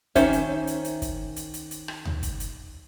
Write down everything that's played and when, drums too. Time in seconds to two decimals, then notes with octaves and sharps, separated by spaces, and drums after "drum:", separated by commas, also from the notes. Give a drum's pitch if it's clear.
0.15 D#3 C#4 C5 E5, drum: kick, hi-hat
0.33 drum: hi-hat
0.67 drum: hi-hat
0.85 drum: hi-hat
1.02 drum: kick, hi-hat
1.36 drum: hi-hat
1.54 drum: hi-hat
1.71 drum: hi-hat
1.88 drum: rim click
2.05 drum: tom D2
2.23 drum: kick, hi-hat
2.40 drum: hi-hat